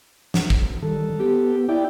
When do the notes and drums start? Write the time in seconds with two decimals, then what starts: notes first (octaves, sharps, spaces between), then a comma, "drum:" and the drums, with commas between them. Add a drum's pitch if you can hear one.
0.34 drum: snare
0.50 drum: kick
0.83 D#3 G3 A4
1.20 B3 G4
1.69 E4 D5 G5